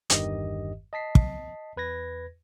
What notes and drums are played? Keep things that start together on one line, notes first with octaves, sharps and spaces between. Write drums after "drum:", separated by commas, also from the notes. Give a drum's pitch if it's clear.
G1 E2 G2 D#3 G4 D#5, drum: hi-hat
D#5 A5 B6 C7
drum: kick
E2 B4 G#6 A#6